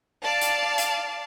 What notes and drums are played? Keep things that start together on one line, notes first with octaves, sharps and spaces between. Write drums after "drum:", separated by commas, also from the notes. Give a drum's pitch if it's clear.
D5 F5 A5
drum: hi-hat
drum: hi-hat